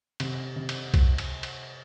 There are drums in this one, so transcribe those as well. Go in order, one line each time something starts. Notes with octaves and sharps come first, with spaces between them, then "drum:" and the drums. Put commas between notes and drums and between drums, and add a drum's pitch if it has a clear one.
C3, drum: cymbal
C3
drum: cymbal
drum: kick B1, cymbal
drum: cymbal
drum: cymbal